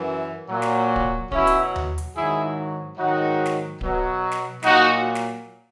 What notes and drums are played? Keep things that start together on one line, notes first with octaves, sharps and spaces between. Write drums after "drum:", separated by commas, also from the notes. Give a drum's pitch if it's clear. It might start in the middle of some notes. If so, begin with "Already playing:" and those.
Already playing: F#2 E3
A#2 F#3
drum: snare
drum: kick D1
B2 F#3 C#4 E4, drum: kick D1
drum: hi-hat
drum: tom D#2
drum: hi-hat
G#2 D#3 F#3 E4 G#4
G#2 D#3 F#3 D#4 F#4
drum: snare
B2 F#3, drum: kick D1
drum: snare
A#2 F#3 D#4 F#4, drum: snare
drum: snare